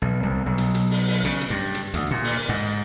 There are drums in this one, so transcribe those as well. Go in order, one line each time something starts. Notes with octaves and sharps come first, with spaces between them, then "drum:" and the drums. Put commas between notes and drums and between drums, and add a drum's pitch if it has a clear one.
B1
C2
B1
drum: hi-hat
drum: hi-hat
drum: open hi-hat
drum: open hi-hat
C#3, drum: hi-hat
drum: hi-hat
G2
drum: hi-hat
D2, drum: hi-hat
A#2
drum: open hi-hat
G#2